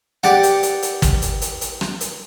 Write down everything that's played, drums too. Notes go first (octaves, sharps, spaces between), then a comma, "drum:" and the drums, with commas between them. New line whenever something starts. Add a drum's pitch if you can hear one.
G4 D5 F#5, drum: rim click
drum: hi-hat
drum: hi-hat
drum: hi-hat
drum: kick, hi-hat
drum: hi-hat
drum: hi-hat
drum: hi-hat
drum: rim click
drum: hi-hat